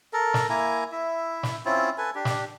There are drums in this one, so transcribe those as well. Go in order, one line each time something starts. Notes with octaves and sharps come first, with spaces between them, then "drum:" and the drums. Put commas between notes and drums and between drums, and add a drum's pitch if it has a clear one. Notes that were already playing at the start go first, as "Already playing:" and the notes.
A4 A#4
drum: snare
A#3 E4 G#5 A#5
E4 E5
drum: snare
C4 C#4 E4 F4
A4 B4 G#5
D4 G4
drum: snare